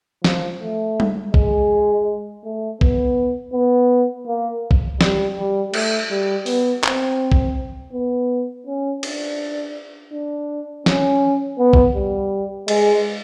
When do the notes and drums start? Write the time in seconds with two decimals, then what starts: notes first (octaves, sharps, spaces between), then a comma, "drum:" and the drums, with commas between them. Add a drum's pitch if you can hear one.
0.24 F3, drum: snare
0.61 A3
1.00 drum: tom G3
1.34 G#3, drum: kick A#1
2.45 A3
2.81 B3, drum: kick A#1
3.53 B3
4.27 A#3
4.71 drum: kick A#1
5.01 G3, drum: snare
5.37 G3
5.74 A3, drum: cymbal
6.10 G3
6.46 B3, drum: open hi-hat
6.84 C4, drum: clap
7.32 drum: kick A#1
7.93 B3
8.67 C#4
9.03 D4, drum: cymbal
10.13 D4
10.86 C#4, drum: snare
11.59 B3
11.73 drum: kick A#1
11.95 G3
12.68 G#3, drum: cymbal